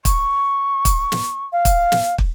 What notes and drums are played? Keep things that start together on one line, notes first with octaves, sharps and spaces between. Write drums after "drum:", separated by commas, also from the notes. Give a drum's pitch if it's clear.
C#6, drum: kick, hi-hat
drum: kick, hi-hat
drum: snare
F5
drum: kick, hi-hat
drum: snare
drum: kick